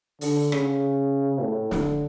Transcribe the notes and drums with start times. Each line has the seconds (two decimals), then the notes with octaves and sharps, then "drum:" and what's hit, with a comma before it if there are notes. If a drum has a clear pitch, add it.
0.21 D3, drum: open hi-hat
0.52 C#3, drum: rim click
1.41 A2
1.71 D3, drum: snare